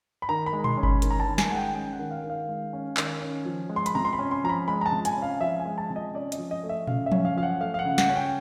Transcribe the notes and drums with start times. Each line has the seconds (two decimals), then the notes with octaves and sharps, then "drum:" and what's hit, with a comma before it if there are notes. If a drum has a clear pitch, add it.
0.22 B5
0.29 D#3 A#5
0.46 B5
0.53 G#3
0.64 C6, drum: tom A#2
0.77 C#4
0.83 B5, drum: kick G1
1.02 D#3, drum: hi-hat
1.11 A#5
1.20 A5
1.26 D#3
1.38 G#5, drum: snare
1.50 G#3 F#5
1.56 G5
1.74 C#4 G5
1.93 F#5
1.99 D#3
2.11 F5
2.23 D#3
2.30 F5
2.49 G#3
2.73 C#4
2.97 D#3, drum: clap
3.21 C#4
3.45 F3
3.70 G#3
3.76 C6
3.86 B5, drum: hi-hat
3.95 C3 A#5
4.05 C6
4.13 B5
4.19 C#4
4.31 C6
4.44 F3 A#5
4.49 B5
4.68 G#3 B5
4.81 A#5
4.86 A5
4.92 C3
5.05 G#5, drum: hi-hat
5.16 C#4
5.22 F5
5.41 F3 E5
5.60 G#5
5.65 G#3
5.78 A5
5.89 C3
5.96 D#5
6.14 C#4 D5
6.32 D#5, drum: hi-hat
6.38 F3
6.51 D#5
6.63 A3
6.69 E5
6.87 C#3 F5, drum: tom A#2
7.06 E5
7.12 C#4, drum: tom F3
7.25 F5
7.36 F3 F5
7.43 F#5
7.61 A3 F5
7.74 F5
7.79 F#5
7.85 C#3
7.98 F#5, drum: snare
8.09 C#4
8.16 G5